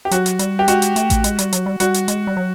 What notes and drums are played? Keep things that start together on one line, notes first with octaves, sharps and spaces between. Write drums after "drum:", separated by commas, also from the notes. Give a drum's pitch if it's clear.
G4
F#3 F#4, drum: hi-hat
drum: hi-hat
G3, drum: hi-hat
G4
G#3 F#4, drum: hi-hat
drum: hi-hat
A3, drum: hi-hat
drum: kick A1, hi-hat
G#3, drum: hi-hat
G3, drum: hi-hat
F#3, drum: hi-hat
G3
G3 F#4, drum: hi-hat
drum: hi-hat
G#3, drum: hi-hat
G3
F#3